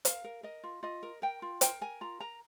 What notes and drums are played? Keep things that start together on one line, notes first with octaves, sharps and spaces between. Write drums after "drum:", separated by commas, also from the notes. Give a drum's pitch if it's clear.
A#4 F5, drum: hi-hat
A#4
A#4 D#5
F4
F4 D#5
A#4
A#4 G5
F4
A#4 G5, drum: hi-hat
A#4 G#5
F4 A#5
A#4 A#5